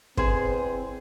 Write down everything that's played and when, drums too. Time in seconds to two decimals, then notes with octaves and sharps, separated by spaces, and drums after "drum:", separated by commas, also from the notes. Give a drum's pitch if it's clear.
0.17 E2 C4 G#4 C5, drum: kick